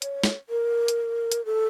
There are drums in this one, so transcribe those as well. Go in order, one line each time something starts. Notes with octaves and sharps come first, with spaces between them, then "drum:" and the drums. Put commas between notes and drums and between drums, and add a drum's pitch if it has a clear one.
C#5, drum: hi-hat
drum: snare
A#4
drum: hi-hat
drum: hi-hat
A4